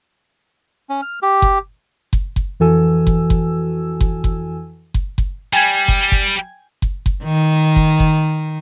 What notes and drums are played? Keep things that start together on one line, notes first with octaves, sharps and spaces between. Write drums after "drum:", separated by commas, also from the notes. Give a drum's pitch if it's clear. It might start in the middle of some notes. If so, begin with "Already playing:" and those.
C#4
F6
G4
drum: kick F#1
drum: kick F#1
drum: kick F#1
F2 E3 F#4 A4 G#5 E6
drum: kick F#1
drum: kick F#1
drum: kick F#1
drum: kick F#1
drum: kick F#1
drum: kick F#1
G3 G5 G#5 G#6
drum: kick F#1
drum: kick F#1
drum: kick F#1
drum: kick F#1
D#3
drum: kick F#1
drum: kick F#1